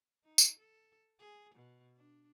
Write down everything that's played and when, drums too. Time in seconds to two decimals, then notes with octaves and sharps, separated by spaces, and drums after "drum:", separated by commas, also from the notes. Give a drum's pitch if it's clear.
0.24 D#4
0.38 drum: tambourine
0.59 A4
1.19 G#4
1.55 B2
1.96 D4